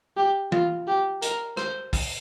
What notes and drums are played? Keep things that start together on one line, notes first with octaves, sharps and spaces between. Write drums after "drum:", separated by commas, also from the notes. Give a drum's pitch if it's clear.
G4
F4, drum: tom E3
G4
A#4, drum: hi-hat
C5, drum: rim click
drum: kick, open hi-hat